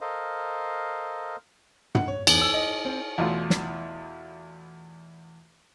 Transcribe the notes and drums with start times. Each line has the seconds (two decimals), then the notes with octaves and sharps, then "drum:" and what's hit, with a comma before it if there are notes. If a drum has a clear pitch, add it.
0.01 A4 A#4 C5 D#5 F5
1.95 F#5, drum: tom
2.08 C#5
2.27 E2, drum: cymbal
2.41 E6
2.54 D#5
2.85 C4
3.18 E2 B2 A3 F4
3.50 drum: snare